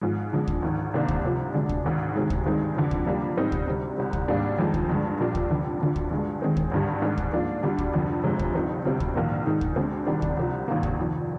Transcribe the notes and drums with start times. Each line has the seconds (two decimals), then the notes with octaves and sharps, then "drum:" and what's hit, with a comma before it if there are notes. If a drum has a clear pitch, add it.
0.01 G#1 G#2 F3 G#3
0.33 F2 D3 G#3
0.47 drum: kick
0.62 G#1 G#2 D#3
0.94 C2 C3 D#3 A#3 D4
1.08 drum: kick
1.24 C2 C3 F3
1.54 D2 D3 G#3 D4
1.69 drum: kick
1.84 G#1 G#2 D#3
2.16 D2 C3 D#3 G#3
2.30 drum: kick
2.45 G2 D#3 G#3 C4 D#4
2.76 F1 F2 D3
2.91 drum: kick
3.06 F2 C3 G3 A#3 D4
3.37 G#2 G3 C4 D#4
3.52 drum: kick
3.67 D2 C3 G3
3.98 C2 C3 G3
4.13 drum: kick
4.28 G#1 G#2 G3 A#3 D4
4.58 F1 F2 D#3 G#3 D#4
4.74 drum: kick
4.89 G2 D3 G#3
5.20 A#1 A#2 G3 D4
5.35 drum: kick
5.50 F1 F2 D3
5.80 D2 D3 F3
5.96 drum: kick
6.11 G2 D3 G#3
6.41 D#2 D#3 G#3 C4 D#4
6.57 drum: kick
6.71 G#1 G2 D3 G3
7.02 G#2 D#3 G#3 D4
7.18 drum: kick
7.33 G#2 F3 A#3 D4
7.63 D2 D3 G3 D4
7.78 drum: kick
7.93 F1 F2 D3
8.24 G1 F2 C3 F3 G#3
8.39 drum: kick
8.54 G1 G2 F3 C4 D#4
8.85 D2 C3 G3 C4
9.00 drum: kick
9.16 A#1 G#2 D#3 A#3
9.46 G#2 D#3 G#3 D#4
9.61 drum: kick
9.76 D2 D3 G#3 C4
10.07 C2 C3 D#3 G3 D4
10.22 drum: kick
10.37 C2 C3 F3
10.68 G#1 G2 D#3 A#3
10.83 drum: kick
10.98 F1 F2 D#3